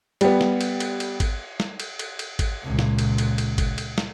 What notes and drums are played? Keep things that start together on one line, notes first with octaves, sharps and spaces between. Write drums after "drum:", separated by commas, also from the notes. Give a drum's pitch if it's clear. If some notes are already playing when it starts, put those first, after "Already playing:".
G3 B3, drum: cymbal
drum: snare
drum: cymbal
drum: cymbal
drum: cymbal
drum: kick G#1, cymbal
drum: snare
drum: cymbal
drum: cymbal
drum: cymbal
drum: kick G#1, cymbal
C#2 A#2
drum: snare
drum: cymbal
drum: cymbal
drum: cymbal
drum: kick G#1, cymbal
drum: cymbal
drum: snare